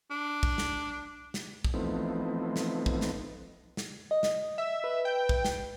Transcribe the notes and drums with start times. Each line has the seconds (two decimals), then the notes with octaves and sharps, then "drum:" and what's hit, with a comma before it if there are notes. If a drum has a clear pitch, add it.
0.11 D4
0.43 drum: kick
0.58 drum: snare
1.34 drum: snare
1.65 drum: kick
1.74 E3 F3 A3 B3 C4 D#4
2.56 drum: snare
2.86 drum: kick
3.01 drum: snare
3.77 drum: snare
4.11 D#5
4.23 drum: snare
4.58 E5
4.84 B4
5.05 G5
5.29 drum: kick
5.45 drum: snare